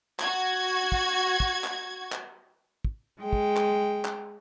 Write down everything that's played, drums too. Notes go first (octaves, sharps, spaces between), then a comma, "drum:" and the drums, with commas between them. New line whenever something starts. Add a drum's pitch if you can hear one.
F#4 G#6, drum: clap
drum: kick
drum: kick
drum: clap
drum: clap
drum: kick
G#3 G5
drum: kick
drum: clap
drum: clap